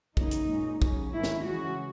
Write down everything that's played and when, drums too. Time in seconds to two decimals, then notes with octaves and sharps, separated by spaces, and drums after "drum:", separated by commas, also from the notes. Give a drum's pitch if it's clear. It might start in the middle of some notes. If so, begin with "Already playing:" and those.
0.17 F#2 C#3 E3 A#3 D#4, drum: kick
0.31 drum: hi-hat
0.50 A#2 G#3 C#4
0.82 C#3 F#3 C#4, drum: kick
1.14 G#2 D#3 A#3 C#4 E4
1.23 drum: snare
1.46 C#3 E3 G#3 C#4 F#4